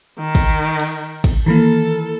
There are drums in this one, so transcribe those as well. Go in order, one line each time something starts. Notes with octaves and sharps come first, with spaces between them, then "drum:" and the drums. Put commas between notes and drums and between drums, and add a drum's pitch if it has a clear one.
D#3
drum: kick, cymbal
drum: cymbal
drum: kick, cymbal
D#3 E3 A#3 A4